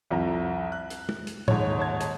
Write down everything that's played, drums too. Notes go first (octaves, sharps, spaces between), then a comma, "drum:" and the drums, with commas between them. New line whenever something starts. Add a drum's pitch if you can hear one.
C2 F2 A#5
F#6
drum: hi-hat
drum: tom
drum: hi-hat
D#1 G#2 C#5, drum: tom A2
C#5 A5 G#6
drum: hi-hat